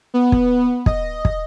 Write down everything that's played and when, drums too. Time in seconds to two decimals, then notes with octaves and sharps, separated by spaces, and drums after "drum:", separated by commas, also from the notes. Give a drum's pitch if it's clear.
0.14 B3
0.32 drum: kick
0.86 D#5, drum: kick
1.25 drum: kick